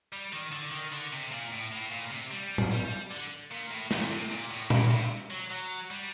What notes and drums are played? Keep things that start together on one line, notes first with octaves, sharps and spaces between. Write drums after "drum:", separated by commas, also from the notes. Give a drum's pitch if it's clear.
G3
D#3
D3
D#3
D3
C3
A#2
A2
A2
A#2
C3
G3
drum: tom
G3
D3
A#2
A2
A#2, drum: snare
C3
A#2
A2
A#2, drum: tom A#2
C3
F#3
F#3
G3